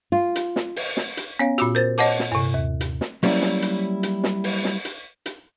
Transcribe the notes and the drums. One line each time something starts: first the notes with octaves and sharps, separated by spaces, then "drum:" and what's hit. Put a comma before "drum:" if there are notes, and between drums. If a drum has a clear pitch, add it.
F4
drum: hi-hat
drum: snare
drum: open hi-hat
drum: snare
drum: hi-hat
B3 C#4 C#5 F5
A#2 F4 F#4, drum: hi-hat
A#4 C5 A6
C#5 D#5 F#5 A5 D6, drum: open hi-hat
drum: snare
G2 C3
D#2
drum: hi-hat
drum: snare
F#3 G3 A#3 C#4 E4, drum: open hi-hat
drum: snare
drum: hi-hat
drum: hi-hat
drum: snare
drum: open hi-hat
drum: snare
drum: hi-hat
drum: hi-hat